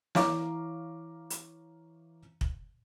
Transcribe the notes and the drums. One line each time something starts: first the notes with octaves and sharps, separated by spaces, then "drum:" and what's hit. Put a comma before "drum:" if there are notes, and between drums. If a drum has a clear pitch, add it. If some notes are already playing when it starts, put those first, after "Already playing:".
E3 C#5 F5 A#5 D6, drum: snare
drum: hi-hat
drum: kick